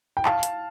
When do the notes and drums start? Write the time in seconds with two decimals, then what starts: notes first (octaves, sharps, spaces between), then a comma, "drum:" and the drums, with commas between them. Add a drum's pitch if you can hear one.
0.17 G5
0.25 F5 A5, drum: clap
0.43 drum: hi-hat